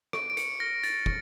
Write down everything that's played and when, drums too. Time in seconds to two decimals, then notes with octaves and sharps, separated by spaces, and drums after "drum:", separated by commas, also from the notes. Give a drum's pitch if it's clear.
0.13 C#6 D7, drum: rim click
0.30 D7
0.37 C#7, drum: hi-hat
0.60 F6 A#6
0.83 A6, drum: hi-hat
1.06 C#6, drum: kick